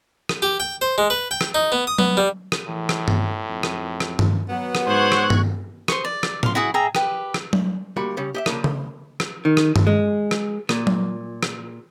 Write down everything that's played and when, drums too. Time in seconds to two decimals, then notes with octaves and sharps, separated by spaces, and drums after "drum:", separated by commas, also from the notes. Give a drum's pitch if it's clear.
0.29 drum: rim click
0.42 G4
0.60 G5
0.81 C5
0.98 G#3
1.10 B4
1.31 G5
1.41 drum: rim click
1.55 D#4
1.72 B3
1.87 D#6
1.99 B3, drum: tom F#3
2.17 G3
2.52 drum: rim click
2.68 A2 E3
2.89 drum: rim click
3.08 drum: tom G2
3.49 F2
3.63 drum: rim click
4.00 drum: rim click
4.19 drum: tom G2
4.49 F#3 B3
4.75 drum: rim click
4.87 G#2 C5 C#6 F#6 G#6
5.12 drum: rim click
5.30 drum: tom G2
5.88 C5 C#6, drum: rim click
6.04 D5
6.23 drum: rim click
6.43 F5 C6, drum: tom A2
6.55 E4 F#4 G#4 F#5
6.74 G#4 E5 G5 A#5
6.95 G4 B4, drum: rim click
7.34 drum: rim click
7.53 drum: tom F#3
7.97 D2 G3 A#3 F#4
8.17 C#3 G3 C#4
8.34 G4 D#5 E5
8.46 C#3 F3 A#3 D4, drum: rim click
8.64 drum: tom C#3
9.20 drum: rim click
9.45 D#3
9.57 drum: rim click
9.76 drum: tom G2
9.87 G#3
10.31 drum: rim click
10.69 A#2, drum: rim click
10.87 drum: tom F#3
11.43 drum: rim click